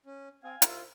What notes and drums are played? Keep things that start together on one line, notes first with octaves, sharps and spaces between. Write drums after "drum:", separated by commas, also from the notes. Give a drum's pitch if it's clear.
C#4
C4 F5 G#5
C2 F4 E5, drum: hi-hat